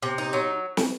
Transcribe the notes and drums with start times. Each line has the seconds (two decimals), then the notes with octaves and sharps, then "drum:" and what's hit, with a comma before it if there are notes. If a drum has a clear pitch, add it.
0.02 C3
0.18 D#4
0.33 F#3
0.77 drum: snare